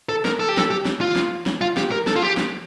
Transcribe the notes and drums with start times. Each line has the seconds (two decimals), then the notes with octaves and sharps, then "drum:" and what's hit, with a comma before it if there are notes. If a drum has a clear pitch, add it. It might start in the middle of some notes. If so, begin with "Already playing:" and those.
0.09 A4
0.25 A#4, drum: snare
0.40 A4
0.49 G4
0.57 A4, drum: snare
0.70 G4
0.85 drum: snare
1.01 F4
1.16 drum: snare
1.46 drum: snare
1.61 F4
1.77 G4, drum: snare
1.92 A#4
2.07 A4, drum: snare
2.16 F4
2.23 G4
2.37 drum: snare